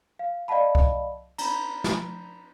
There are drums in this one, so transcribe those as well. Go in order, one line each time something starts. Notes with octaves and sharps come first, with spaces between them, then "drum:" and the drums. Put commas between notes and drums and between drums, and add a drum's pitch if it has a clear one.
F5
D5 D#5 F5 F#5 A5 B5
drum: kick C2
A#5 B5, drum: cymbal
drum: snare